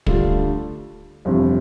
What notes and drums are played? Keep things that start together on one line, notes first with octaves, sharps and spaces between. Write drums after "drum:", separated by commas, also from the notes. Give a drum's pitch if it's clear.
D2 D3 G3 D4 F4, drum: kick
G1 F2 C3 E3